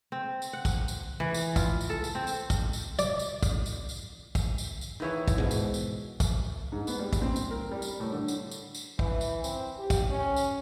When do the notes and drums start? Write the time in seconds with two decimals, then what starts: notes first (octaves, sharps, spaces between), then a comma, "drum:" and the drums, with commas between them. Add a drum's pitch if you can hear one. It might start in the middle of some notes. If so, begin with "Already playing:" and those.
0.12 C4
0.42 drum: tambourine
0.53 F#5
0.65 drum: kick, tambourine
0.88 drum: tambourine
1.20 E3
1.34 drum: tambourine
1.56 F4, drum: kick, tambourine
1.81 drum: tambourine
1.90 A4
2.04 drum: tambourine
2.15 C4
2.27 drum: tambourine
2.50 drum: kick, tambourine
2.73 drum: tambourine
2.99 D5, drum: tambourine
3.19 drum: tambourine
3.43 drum: kick, tambourine
3.66 drum: tambourine
3.89 drum: tambourine
4.35 drum: kick, tambourine
4.58 drum: tambourine
4.81 drum: tambourine
5.00 D#3 E3 C#5
5.28 drum: kick, tambourine
5.38 G#2 B2
5.51 drum: tambourine
5.74 drum: tambourine
6.20 drum: kick, tambourine
6.72 G#2
6.87 B3, drum: tambourine
6.99 G3
7.13 drum: kick, tambourine
7.22 C4
7.36 drum: tambourine
7.51 A#4
7.71 G3
7.82 drum: tambourine
8.00 A2
8.12 D3
8.28 drum: tambourine
8.51 drum: tambourine
8.75 drum: tambourine
8.99 E3, drum: kick
9.21 drum: tambourine
9.44 C4, drum: tambourine
9.78 G4
9.90 drum: kick, tambourine
10.10 C#4
10.36 drum: tambourine